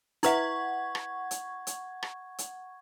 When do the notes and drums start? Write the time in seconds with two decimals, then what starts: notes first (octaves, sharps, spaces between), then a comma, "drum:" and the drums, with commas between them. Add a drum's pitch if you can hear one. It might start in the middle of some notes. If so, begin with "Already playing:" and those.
0.23 E4 B4 E5 F#5 C#6 G#6, drum: hi-hat
0.95 drum: rim click
1.31 drum: hi-hat
1.67 drum: hi-hat
2.03 drum: rim click
2.38 drum: hi-hat